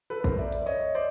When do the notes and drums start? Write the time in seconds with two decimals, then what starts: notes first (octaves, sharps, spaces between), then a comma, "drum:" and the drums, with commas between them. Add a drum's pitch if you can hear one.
0.10 A4 B4
0.21 B4
0.24 A#4 C5, drum: kick, hi-hat
0.38 D5 E5
0.52 drum: hi-hat
0.66 C#5 D#5
0.95 C5 D5